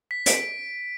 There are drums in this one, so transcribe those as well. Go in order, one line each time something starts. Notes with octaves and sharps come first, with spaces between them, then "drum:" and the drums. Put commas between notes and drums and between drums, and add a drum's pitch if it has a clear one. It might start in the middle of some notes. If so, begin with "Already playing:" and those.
B6
B6 D7, drum: hi-hat